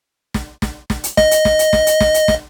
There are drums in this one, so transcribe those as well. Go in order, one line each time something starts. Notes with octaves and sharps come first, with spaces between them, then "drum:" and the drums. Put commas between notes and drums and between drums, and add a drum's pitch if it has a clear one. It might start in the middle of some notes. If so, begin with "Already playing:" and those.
drum: snare
drum: snare
drum: snare
drum: hi-hat
D#5, drum: snare
drum: hi-hat
drum: snare
drum: hi-hat
drum: snare
drum: hi-hat
drum: snare
drum: hi-hat
drum: snare